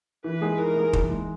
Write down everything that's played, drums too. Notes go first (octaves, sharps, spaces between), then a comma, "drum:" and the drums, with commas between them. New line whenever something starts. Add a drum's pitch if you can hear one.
E3 B4
G#3 D#4 G#4
E3 A#4
G#3 D#4 G#4
E3, drum: kick
G#3 D#4